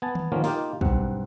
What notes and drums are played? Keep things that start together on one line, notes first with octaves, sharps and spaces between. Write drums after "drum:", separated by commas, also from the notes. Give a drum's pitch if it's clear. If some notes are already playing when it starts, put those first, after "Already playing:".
B3 G#5 A5
drum: tom D#3
D#3 F3 A#3 B3 C#4 F4
A#3 D#4 F4 G4, drum: open hi-hat
B1 G2 C4 F#5, drum: kick